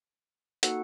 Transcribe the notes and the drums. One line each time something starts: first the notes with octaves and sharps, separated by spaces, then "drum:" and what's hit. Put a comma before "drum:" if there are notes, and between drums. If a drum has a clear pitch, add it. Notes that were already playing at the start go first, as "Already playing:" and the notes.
A#3 D#4 F#4 A4 F#5, drum: hi-hat